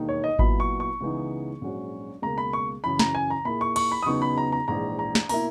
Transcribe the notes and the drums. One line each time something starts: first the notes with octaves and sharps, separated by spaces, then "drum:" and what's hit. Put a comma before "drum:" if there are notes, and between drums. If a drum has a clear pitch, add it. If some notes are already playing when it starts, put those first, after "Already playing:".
Already playing: E1 D#2 D#3 A#3 D#4
C#5
D#5
A#2 F#3 B3 E4 B5, drum: kick G#1
C#6
C#6
C#2 C#3 E3 B3 D#4
A#1 G#2 F#3 C#4 F#4
C#2 B2 A#3 A#5
B5
C#6
F#2 C#3 E3 B5
A#5, drum: snare
G#5
A#5
A#2 A#3 E4 G#4 B5
C#6
C#6, drum: cymbal
B5
D#6
E2 C#3 F#3 B3 D#4 C#6
B5
A#5
A#5
A#1 G#2 E3 A#5
A#5
drum: snare
B2 A#3 E4 A#5, drum: open hi-hat